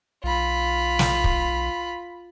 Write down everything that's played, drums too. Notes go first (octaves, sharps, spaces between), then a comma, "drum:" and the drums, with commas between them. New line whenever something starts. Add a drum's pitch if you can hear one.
B1 F4 B5
drum: snare
drum: kick